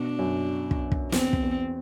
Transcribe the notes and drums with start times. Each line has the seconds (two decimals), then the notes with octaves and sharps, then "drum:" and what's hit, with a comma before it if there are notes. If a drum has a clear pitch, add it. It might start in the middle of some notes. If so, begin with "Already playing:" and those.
Already playing: B2 D4
0.19 F#2
0.71 drum: kick
0.92 drum: kick
1.12 E2 C4, drum: snare
1.33 drum: kick
1.43 E2